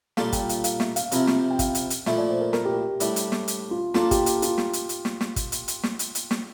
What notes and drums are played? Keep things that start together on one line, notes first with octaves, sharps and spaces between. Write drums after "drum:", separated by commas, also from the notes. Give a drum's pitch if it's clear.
A#2 G3 A#3 F4 A4 F5, drum: snare
G5, drum: kick, hi-hat
F5, drum: hi-hat
F5, drum: hi-hat
E5, drum: snare
F5, drum: hi-hat
C3 F3 C4 E4 A#4, drum: hi-hat
drum: snare
G5
F5, drum: kick, hi-hat
drum: hi-hat
drum: hi-hat
A#2 F3 A3 E4 E5, drum: snare
D5
C5
A#4
A#4, drum: snare
G4
G4
A2 G3 D4 E4, drum: hi-hat
drum: hi-hat
drum: snare
drum: hi-hat
F4
A#3 D4 F4 A4, drum: snare
G4, drum: kick, hi-hat
drum: hi-hat
F4, drum: hi-hat
drum: snare
drum: hi-hat
drum: hi-hat
drum: snare
drum: snare
drum: kick, hi-hat
drum: hi-hat
drum: hi-hat
drum: snare
drum: hi-hat
drum: hi-hat
drum: snare